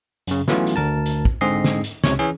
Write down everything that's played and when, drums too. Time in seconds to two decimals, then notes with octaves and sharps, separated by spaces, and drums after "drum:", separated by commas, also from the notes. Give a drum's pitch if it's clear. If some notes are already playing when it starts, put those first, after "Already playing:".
0.27 F#2 C#3, drum: hi-hat
0.48 E3 F#3 A3 B3 C#4 F4, drum: snare
0.67 drum: hi-hat
0.76 D2 A#4 A5
1.06 drum: hi-hat
1.25 drum: kick
1.41 G#2 D3 C4 G#4 D#5 C7
1.64 drum: snare
1.84 drum: hi-hat
2.04 C#2 C3 C#4 C#5, drum: snare
2.19 E3 C#4 G#4